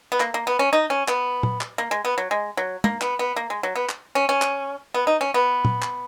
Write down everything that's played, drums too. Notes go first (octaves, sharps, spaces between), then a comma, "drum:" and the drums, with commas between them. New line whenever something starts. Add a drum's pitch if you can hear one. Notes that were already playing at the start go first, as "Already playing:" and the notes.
B3
A#3, drum: clap
A#3
B3
C#4
D#4
C#4
B3, drum: clap
drum: tom
drum: clap
A#3
G#3
B3
F#3
G#3
F#3
A#3, drum: tom
B3, drum: clap
B3
A#3
G#3
F#3
B3
drum: clap
C#4
C#4
drum: clap
B3
D#4
C#4
B3
drum: tom
drum: clap